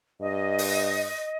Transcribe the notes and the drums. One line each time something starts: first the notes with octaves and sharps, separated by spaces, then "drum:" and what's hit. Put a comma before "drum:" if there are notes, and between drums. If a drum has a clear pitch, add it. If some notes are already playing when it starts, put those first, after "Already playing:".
G2 D#5
drum: open hi-hat